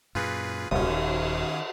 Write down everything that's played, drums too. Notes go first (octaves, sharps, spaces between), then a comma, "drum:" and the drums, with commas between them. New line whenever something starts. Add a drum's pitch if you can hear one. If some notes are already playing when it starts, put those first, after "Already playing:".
F#2 A#2 F4 G#4 B4
D#1 C2 A#2 G3 C#4 D#6, drum: cymbal
D#3